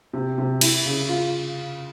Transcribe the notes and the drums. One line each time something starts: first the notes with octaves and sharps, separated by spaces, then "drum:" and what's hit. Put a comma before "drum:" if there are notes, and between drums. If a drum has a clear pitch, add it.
C3
C3
E4, drum: cymbal
C#3
F4